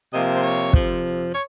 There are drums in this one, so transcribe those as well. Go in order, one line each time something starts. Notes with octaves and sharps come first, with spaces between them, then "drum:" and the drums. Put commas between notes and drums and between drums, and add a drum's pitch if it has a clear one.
C3 F3 A#3 D#5
C5
C#5
F2 C3 F3, drum: kick
C#5